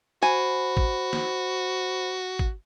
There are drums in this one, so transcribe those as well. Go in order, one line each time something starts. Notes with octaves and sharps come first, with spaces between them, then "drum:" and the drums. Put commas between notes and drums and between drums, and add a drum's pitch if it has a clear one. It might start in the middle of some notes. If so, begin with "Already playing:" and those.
F#4 C5 G#5 B5
drum: kick
drum: snare
drum: kick